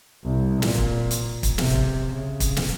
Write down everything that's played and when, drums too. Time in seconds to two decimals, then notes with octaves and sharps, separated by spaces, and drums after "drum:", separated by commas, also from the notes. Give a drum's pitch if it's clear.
0.24 C2
0.62 A#2, drum: snare
0.78 drum: kick
1.11 drum: hi-hat
1.43 drum: kick, hi-hat
1.58 C3, drum: snare
1.75 drum: kick
2.13 C#3
2.40 drum: kick, hi-hat
2.56 drum: snare